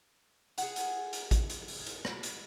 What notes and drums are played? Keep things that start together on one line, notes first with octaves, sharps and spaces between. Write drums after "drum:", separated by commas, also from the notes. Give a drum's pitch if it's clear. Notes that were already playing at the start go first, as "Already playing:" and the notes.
G#4 F#5, drum: hi-hat
drum: hi-hat
drum: hi-hat
drum: kick A1, hi-hat
drum: hi-hat
drum: open hi-hat
drum: hi-hat
drum: rim click
drum: hi-hat